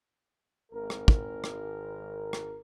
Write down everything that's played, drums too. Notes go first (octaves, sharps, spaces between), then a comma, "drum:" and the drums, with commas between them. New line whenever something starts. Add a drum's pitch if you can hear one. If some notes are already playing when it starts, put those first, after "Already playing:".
G#1 A#4
drum: rim click
drum: kick
drum: rim click
drum: rim click